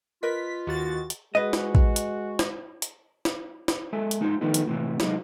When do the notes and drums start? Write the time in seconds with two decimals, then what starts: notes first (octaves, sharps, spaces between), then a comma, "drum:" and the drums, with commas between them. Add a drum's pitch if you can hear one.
0.23 F4 A#4 B4 D#5 B6
0.67 D#2 F#4 A6
1.10 drum: hi-hat
1.35 G#3 F#4 B4 D#5
1.53 drum: snare
1.75 drum: kick A1
1.96 drum: hi-hat
2.39 drum: snare
2.82 drum: hi-hat
3.25 drum: snare
3.68 drum: snare
3.93 G#3 A4 E5 G#5
4.11 drum: hi-hat
4.21 G#3 D#4 F4 G#4 C5
4.41 D#3 F3 A3 B3 D#4
4.54 drum: hi-hat
4.67 A2 C3 E3
5.00 C2 F#3 G#3 D#4, drum: snare